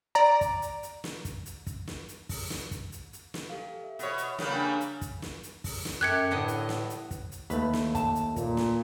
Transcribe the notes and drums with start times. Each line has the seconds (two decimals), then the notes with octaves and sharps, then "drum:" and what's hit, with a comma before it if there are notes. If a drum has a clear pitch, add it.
0.15 D5 A#5
0.41 drum: kick, hi-hat
0.62 drum: hi-hat
0.83 drum: hi-hat
1.04 drum: snare
1.25 drum: kick, hi-hat
1.46 drum: hi-hat
1.67 drum: kick, hi-hat
1.87 drum: snare
2.08 drum: hi-hat
2.29 drum: kick, open hi-hat
2.50 drum: snare
2.71 drum: kick, hi-hat
2.92 drum: hi-hat
3.13 drum: hi-hat
3.34 drum: snare
3.50 G4 A4 F5
3.84 E5
3.99 B2 C#5, drum: hi-hat
4.18 drum: hi-hat
4.39 C#3 G3 A#3 B5 F#6, drum: snare
4.53 D4 G#5
4.80 drum: hi-hat
5.01 drum: kick, hi-hat
5.22 drum: snare
5.43 drum: hi-hat
5.64 drum: kick, open hi-hat
5.85 drum: snare
6.01 F#2 A3 G4 F#6 G#6 C#7
6.31 A2 D3 B3 D#5
6.48 drum: hi-hat
6.69 drum: snare
6.90 drum: hi-hat
7.11 drum: kick, hi-hat
7.32 drum: hi-hat
7.50 D#2 A3 B4, drum: hi-hat
7.73 drum: snare
7.95 A5, drum: kick, hi-hat
8.15 drum: hi-hat
8.36 A#2, drum: kick, hi-hat
8.57 drum: snare